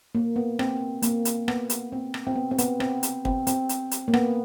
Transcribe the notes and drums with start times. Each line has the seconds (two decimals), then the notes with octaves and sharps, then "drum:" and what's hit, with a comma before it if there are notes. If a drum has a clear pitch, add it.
0.15 A#3
0.36 B3
0.59 C4, drum: rim click
1.02 A#3, drum: hi-hat
1.25 drum: hi-hat
1.48 B3, drum: rim click
1.70 drum: hi-hat
1.92 C4
2.14 drum: rim click
2.27 C4
2.36 B3
2.51 C4
2.58 B3, drum: hi-hat
2.80 C4, drum: rim click
3.03 drum: hi-hat
3.25 C4, drum: kick
3.47 C4, drum: hi-hat
3.69 drum: hi-hat
3.91 drum: hi-hat
4.08 A#3
4.14 B3, drum: rim click